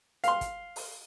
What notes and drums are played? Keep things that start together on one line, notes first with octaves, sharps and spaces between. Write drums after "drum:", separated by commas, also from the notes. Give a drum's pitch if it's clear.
F5 C6, drum: hi-hat
drum: kick, hi-hat
drum: open hi-hat